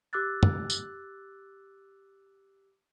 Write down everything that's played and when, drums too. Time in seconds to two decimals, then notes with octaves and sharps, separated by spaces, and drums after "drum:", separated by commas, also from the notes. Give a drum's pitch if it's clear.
0.13 G4 D6 E6 F#6 A6
0.43 drum: tom
0.70 drum: tambourine